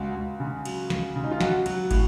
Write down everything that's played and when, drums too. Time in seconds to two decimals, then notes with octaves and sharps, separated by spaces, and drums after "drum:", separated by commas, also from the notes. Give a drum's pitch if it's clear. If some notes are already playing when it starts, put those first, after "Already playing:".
Already playing: C#2 F#4
0.15 C#2
0.40 C#3
0.65 F#3, drum: cymbal
0.90 C#2, drum: snare
1.16 C#3
1.24 D#4
1.31 F4
1.41 F#3 F#4, drum: snare
1.66 F#3, drum: cymbal
1.91 A2, drum: kick, cymbal